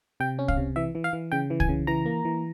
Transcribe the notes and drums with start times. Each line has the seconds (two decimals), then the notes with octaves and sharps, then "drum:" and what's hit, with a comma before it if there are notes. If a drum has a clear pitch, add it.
0.20 C3 G5
0.39 C#4
0.48 F5, drum: kick C2
0.57 C3
0.76 E3 E5
0.95 E3
1.04 F5
1.13 E3
1.32 C#3 G5
1.50 E3
1.60 G#5, drum: kick C2
1.69 C#3
1.87 E3 A#5
2.06 A#3
2.25 E3